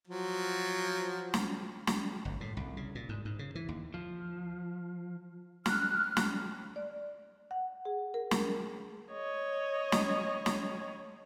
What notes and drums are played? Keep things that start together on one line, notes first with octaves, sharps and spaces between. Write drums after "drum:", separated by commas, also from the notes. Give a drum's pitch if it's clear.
F3 F#3
drum: snare
drum: snare
G1
A2
C2
C#3
A#2
G#2
G#2
C#3
E3
D#2
F3
F6 F#6, drum: snare
drum: snare
D5
F#5
G#4
A#4
drum: snare
C#5 D#5
drum: snare
drum: snare